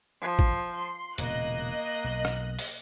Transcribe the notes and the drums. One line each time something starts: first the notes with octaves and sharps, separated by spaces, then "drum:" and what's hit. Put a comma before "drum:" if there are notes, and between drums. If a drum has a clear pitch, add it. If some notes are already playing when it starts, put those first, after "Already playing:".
F3
drum: kick
C6
E1 A#2 C#3 A#3 D#5 F#6, drum: hi-hat
B1
drum: rim click
drum: open hi-hat